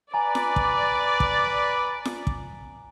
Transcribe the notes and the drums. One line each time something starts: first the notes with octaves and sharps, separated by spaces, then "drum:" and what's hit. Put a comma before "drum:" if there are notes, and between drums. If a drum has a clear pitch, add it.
B4 D5 G#5 A#5
drum: snare F4
drum: kick
drum: kick
drum: snare F4
drum: kick